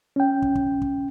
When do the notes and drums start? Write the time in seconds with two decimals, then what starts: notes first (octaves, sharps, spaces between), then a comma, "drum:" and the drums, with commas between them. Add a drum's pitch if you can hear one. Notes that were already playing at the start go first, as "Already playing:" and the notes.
0.16 C#4 G5
0.42 drum: kick
0.55 drum: kick
0.82 drum: kick